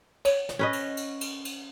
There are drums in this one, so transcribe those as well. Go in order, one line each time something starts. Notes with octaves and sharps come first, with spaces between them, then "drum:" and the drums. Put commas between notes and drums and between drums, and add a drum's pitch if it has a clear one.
C#5, drum: cymbal
drum: snare
C#4 B4 D#5
drum: cymbal
drum: cymbal
drum: cymbal
drum: cymbal